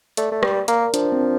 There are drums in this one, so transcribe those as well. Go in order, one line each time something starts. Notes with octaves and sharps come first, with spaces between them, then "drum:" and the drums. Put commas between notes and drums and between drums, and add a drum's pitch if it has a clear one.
A3 D5, drum: hi-hat
A3
G3, drum: rim click
A#3 A#4, drum: hi-hat
F3 D4, drum: hi-hat
C4